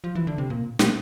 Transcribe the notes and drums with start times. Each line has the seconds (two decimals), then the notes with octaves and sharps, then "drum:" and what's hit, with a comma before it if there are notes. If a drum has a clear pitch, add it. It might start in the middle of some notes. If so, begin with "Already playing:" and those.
0.04 F3
0.15 E3
0.27 D3
0.38 C3
0.50 A#2
0.79 A#2, drum: snare